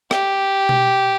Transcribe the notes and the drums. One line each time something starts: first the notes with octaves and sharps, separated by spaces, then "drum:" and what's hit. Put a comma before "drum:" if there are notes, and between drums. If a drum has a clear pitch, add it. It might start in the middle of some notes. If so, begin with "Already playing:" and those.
G4, drum: rim click
drum: tom B2